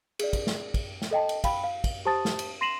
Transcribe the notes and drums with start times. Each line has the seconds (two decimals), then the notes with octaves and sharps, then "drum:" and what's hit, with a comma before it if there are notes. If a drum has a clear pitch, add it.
0.19 G#4 D5, drum: cymbal
0.33 drum: kick, cymbal
0.47 drum: snare
0.74 drum: kick, cymbal
1.02 drum: snare
1.11 A4 D#5 G5 A5
1.29 drum: cymbal
1.44 F5 G5 B5, drum: kick, cymbal
1.64 F5
1.84 drum: kick, cymbal
2.05 G4 C5 A5 D#6 A6
2.25 drum: snare
2.39 drum: cymbal
2.61 C6 A#6 C7 D#7 E7 F#7